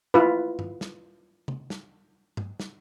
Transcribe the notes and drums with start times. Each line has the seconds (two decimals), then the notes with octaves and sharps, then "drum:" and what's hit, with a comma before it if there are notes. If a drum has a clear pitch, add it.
0.14 E4 F4 B4
0.59 drum: tom G2
0.81 drum: snare
1.48 drum: tom C3
1.70 drum: snare
2.37 drum: tom G2
2.60 drum: snare